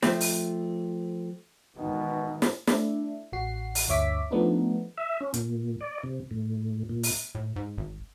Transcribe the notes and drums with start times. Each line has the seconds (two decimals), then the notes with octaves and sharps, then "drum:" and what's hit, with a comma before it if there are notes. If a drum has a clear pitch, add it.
0.02 F3 A3 C4, drum: snare
0.21 drum: open hi-hat
1.77 G#1 B2 D#3 E3
2.42 drum: snare
2.67 A3 D4 E4, drum: snare
3.32 A1 F#4 C7
3.75 drum: open hi-hat
3.88 D2 G2 C#5 E5 D6 B6
4.31 F3 A3 B3 D4 D#4
4.98 E5
5.21 C#4
5.34 A#2, drum: hi-hat
5.81 D5
6.03 C3
6.31 A2
6.89 A#2
7.03 drum: open hi-hat
7.35 A2
7.56 G#2
7.77 G#1